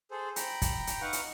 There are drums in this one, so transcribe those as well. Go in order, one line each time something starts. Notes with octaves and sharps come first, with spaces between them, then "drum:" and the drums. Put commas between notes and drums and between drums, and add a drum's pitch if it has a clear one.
G#4 A4 C5
G5 A#5 B5, drum: hi-hat
drum: kick, hi-hat
drum: hi-hat
D#4 B4 F5 F#5 C#6
drum: hi-hat